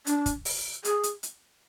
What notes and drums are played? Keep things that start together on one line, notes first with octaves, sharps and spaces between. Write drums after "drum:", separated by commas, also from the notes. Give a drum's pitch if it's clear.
D4, drum: hi-hat
drum: kick, hi-hat
drum: open hi-hat
G#4, drum: hi-hat
drum: hi-hat
drum: hi-hat